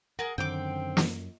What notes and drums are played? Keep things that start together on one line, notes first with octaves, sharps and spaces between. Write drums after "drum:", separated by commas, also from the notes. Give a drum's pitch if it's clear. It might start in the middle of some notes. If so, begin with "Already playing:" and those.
G#4 A#4 F#5
F#2 D3 D#3 C4 G5 D6
drum: snare